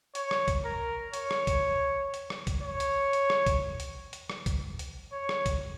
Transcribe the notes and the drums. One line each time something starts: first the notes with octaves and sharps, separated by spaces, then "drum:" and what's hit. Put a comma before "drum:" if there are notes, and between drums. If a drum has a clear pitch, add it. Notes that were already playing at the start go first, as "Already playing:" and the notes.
C#5, drum: hi-hat
drum: rim click
drum: kick, hi-hat
A#4
C#5, drum: hi-hat
drum: rim click
drum: kick, hi-hat
drum: hi-hat
drum: rim click
drum: kick, hi-hat
C#5
drum: hi-hat
drum: hi-hat
drum: rim click
drum: kick, hi-hat
drum: hi-hat
drum: hi-hat
drum: rim click
drum: kick, hi-hat
drum: hi-hat
C#5
drum: rim click
drum: kick, hi-hat